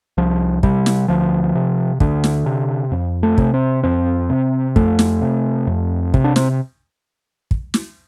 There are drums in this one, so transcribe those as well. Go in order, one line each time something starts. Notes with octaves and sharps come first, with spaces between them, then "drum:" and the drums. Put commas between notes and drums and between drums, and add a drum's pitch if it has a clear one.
C2 F3
C3 G3, drum: kick
drum: snare
D2 F3
C3
D2 D3, drum: kick
drum: snare
C3
F2
A3
C3, drum: kick
C4
F2 C4
C3
F2 A3, drum: kick
drum: snare
C3
F2
C3, drum: kick
D4
C4, drum: snare
drum: kick
drum: snare